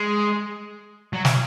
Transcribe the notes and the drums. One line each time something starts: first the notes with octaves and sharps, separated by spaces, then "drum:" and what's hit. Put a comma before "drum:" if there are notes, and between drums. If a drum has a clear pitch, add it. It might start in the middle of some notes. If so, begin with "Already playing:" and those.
Already playing: G#3
F#3
drum: snare